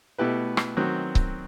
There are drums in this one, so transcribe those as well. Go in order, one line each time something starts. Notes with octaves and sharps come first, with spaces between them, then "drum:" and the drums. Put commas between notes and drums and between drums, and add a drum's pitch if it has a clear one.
B2 A3 E4 G4 B4
drum: rim click
D#3 F#3 C4 F#4
drum: kick C#1